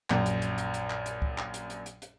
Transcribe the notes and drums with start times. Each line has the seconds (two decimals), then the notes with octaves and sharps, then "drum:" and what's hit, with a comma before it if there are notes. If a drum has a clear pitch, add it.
0.10 A#1 F#2, drum: clap
0.26 drum: hi-hat
0.42 drum: hi-hat
0.58 drum: hi-hat
0.74 drum: hi-hat
0.90 drum: clap
1.06 drum: hi-hat
1.22 drum: kick C#2
1.38 drum: clap
1.54 drum: hi-hat
1.70 drum: hi-hat
1.86 drum: hi-hat
2.02 drum: hi-hat